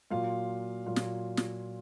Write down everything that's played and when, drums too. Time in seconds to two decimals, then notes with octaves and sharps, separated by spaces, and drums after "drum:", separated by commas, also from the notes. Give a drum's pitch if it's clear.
0.10 A#2 F#3 F4 F5
0.86 A#2 F#3 F4 F5
0.96 drum: snare
1.37 drum: snare